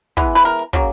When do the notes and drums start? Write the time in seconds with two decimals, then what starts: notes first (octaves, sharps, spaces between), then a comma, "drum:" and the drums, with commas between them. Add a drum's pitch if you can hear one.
0.17 E3 G#3 B3, drum: kick, open hi-hat
0.35 B4
0.45 A#4, drum: hi-hat
0.59 drum: hi-hat
0.73 C#3 F#3 A#3, drum: kick, hi-hat